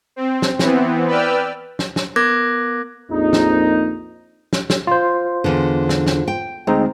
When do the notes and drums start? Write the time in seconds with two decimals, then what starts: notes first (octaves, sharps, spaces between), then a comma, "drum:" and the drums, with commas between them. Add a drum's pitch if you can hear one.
0.16 C4
0.42 drum: snare
0.59 E3 B3 C4, drum: snare
1.07 B4 D5 G5 E6 F6
1.79 drum: snare
1.96 drum: snare
2.16 B3 A#4 D6 F#6 G#6 A#6
3.10 A#1 F2 D#4
3.33 drum: snare
4.53 drum: snare
4.70 drum: snare
4.87 F4 C5
5.44 E2 D3
5.89 drum: snare
6.07 drum: snare
6.28 G5
6.67 D2 G#3 C4 D#4